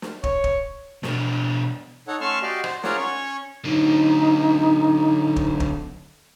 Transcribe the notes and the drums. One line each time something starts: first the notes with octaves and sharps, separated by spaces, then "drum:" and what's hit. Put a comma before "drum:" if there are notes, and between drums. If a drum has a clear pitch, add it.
drum: snare
C#5, drum: kick
drum: kick
B2 D4, drum: snare
D#4 A4 C#5 F#5
A3 C#4 A5 C6 C#6 F6
F#4 G4 D5 D#5 F5
C5, drum: rim click
F4 G#4 A#4 C#5 D5 F#5, drum: snare
C#4 C#5 C#6
D3 F#3 D#4
drum: kick
drum: kick